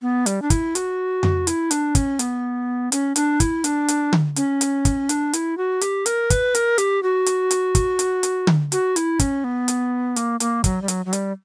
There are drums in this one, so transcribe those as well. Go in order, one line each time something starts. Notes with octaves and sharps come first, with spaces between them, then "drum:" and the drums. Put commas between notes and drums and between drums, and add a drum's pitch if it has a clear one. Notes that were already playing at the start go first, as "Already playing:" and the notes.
B3
G3, drum: hi-hat
D4
E4, drum: kick, hi-hat
F#4, drum: hi-hat
drum: tom F2
E4, drum: hi-hat
D4, drum: hi-hat
C#4, drum: kick, hi-hat
B3, drum: hi-hat
C#4, drum: hi-hat
D4, drum: hi-hat
E4, drum: kick, hi-hat
D4, drum: hi-hat
drum: hi-hat
drum: tom D3
C#4, drum: hi-hat
drum: hi-hat
drum: kick, hi-hat
D4, drum: hi-hat
E4, drum: hi-hat
F#4
G4, drum: hi-hat
A#4, drum: hi-hat
B4, drum: kick, hi-hat
A#4, drum: hi-hat
G4, drum: hi-hat
F#4
drum: hi-hat
drum: hi-hat
drum: kick, hi-hat
drum: hi-hat
drum: hi-hat
drum: tom D3
F#4, drum: hi-hat
E4, drum: hi-hat
C#4, drum: kick, hi-hat
B3
drum: hi-hat
A#3, drum: hi-hat
A#3, drum: hi-hat
F#3, drum: kick, hi-hat
G3
F#3, drum: hi-hat
F#3
G3, drum: hi-hat